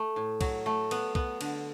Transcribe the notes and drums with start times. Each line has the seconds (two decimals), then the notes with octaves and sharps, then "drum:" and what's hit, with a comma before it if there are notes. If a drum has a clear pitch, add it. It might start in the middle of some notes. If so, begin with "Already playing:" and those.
Already playing: A3
0.16 A2
0.41 F#3, drum: kick, cymbal
0.66 A3
0.91 B3, drum: cymbal
1.15 B3, drum: kick
1.41 D3, drum: cymbal